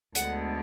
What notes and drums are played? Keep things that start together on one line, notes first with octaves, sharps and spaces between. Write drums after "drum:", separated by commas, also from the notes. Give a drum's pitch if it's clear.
D2 D3 G#3 B3 F#5, drum: hi-hat